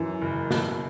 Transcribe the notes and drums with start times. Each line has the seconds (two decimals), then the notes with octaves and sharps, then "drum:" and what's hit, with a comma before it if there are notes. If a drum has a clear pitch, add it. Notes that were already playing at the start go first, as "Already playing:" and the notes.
Already playing: F#2 E3
0.22 F#1
0.51 B2, drum: snare